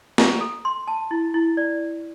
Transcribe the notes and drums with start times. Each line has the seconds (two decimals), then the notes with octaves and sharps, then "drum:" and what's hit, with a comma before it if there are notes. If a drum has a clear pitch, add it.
0.18 A#5, drum: snare
0.41 A4
0.65 C6
0.88 A5
1.11 E4
1.34 E4
1.57 D5